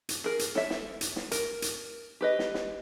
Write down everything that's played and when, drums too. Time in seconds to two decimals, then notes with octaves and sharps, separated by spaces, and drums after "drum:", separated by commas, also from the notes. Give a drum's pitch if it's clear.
0.09 drum: hi-hat
0.24 G#4 A#4
0.39 drum: hi-hat
0.55 A4 C#5 E5, drum: snare
0.70 drum: snare
1.01 drum: hi-hat
1.16 drum: snare
1.31 A#4, drum: hi-hat
1.62 drum: hi-hat
2.21 G4 B4 D#5
2.39 drum: snare
2.54 drum: snare